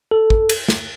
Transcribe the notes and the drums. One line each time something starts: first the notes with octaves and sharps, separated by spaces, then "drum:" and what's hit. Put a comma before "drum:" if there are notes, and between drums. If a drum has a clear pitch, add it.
A4
drum: kick
drum: cymbal
drum: snare